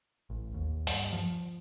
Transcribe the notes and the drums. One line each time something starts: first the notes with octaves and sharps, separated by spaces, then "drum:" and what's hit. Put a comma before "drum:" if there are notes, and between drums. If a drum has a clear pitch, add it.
A1
D#2
G2, drum: open hi-hat
F3